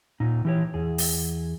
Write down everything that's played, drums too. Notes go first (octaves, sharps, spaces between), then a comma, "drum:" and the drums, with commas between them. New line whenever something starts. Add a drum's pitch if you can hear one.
A#2 D#4
E3 G4 C#5
E2 G#4
drum: open hi-hat